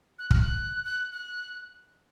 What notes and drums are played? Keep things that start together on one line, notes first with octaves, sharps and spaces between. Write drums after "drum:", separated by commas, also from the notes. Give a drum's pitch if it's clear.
F#6
F6, drum: kick
F#6
F#6
F#6